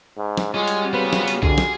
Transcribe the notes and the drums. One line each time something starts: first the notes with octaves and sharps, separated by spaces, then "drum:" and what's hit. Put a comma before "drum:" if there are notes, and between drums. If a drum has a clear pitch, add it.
G#2
drum: snare
G3 G#3 C#4 F4 F#4
drum: hi-hat
C#3 B3 C4 B4 C5
drum: snare
drum: hi-hat
F2 D3 G#4, drum: kick B1
drum: snare